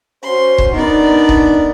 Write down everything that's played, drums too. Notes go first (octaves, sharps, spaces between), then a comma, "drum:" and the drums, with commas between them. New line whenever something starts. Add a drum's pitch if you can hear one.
C#4 F#4 C5 C6
drum: kick
B3 D4 D#4 A#4 D5
drum: kick